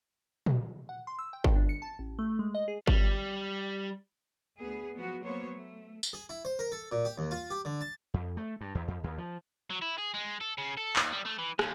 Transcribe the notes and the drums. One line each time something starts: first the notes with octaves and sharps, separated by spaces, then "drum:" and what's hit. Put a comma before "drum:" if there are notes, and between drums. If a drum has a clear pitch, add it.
drum: tom A#2
F#5
C6
E6
G5
drum: kick G1
D4
C#7
A5
A1
A3
G#3
D#5
G#4
G3, drum: kick G1
D2 B3 G#4
F3 F#3 B3 F#4
F#3 A#3 B3 C5 C#5
A3
drum: tambourine
G#4
E4
C5
A#4
A4
A#2
G4
D#2
F4
G4
D3
A5
F2
A3
G2
E2
F2
D#2
F3
F#3
E4
G#4
G#3
A4
C#3
A4
D#2, drum: clap
G3
A3
E3
D#2, drum: rim click